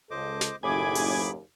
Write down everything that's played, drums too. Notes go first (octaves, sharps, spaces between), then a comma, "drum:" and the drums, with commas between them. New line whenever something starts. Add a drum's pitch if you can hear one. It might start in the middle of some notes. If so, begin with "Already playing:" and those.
C#2 A4 C5 D#5 D6
drum: snare
F#1 D#2 A2 G4 G#4 G#5 B5 D6
drum: open hi-hat